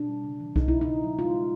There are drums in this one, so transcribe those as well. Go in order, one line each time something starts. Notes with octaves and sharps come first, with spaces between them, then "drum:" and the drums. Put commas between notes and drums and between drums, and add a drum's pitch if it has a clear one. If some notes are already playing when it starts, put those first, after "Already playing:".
Already playing: B2 D4
G3
C#3
E3
B2 D#4, drum: kick C2
F#3 E4
D#4
C#3
F#3
G#3 F4
G#3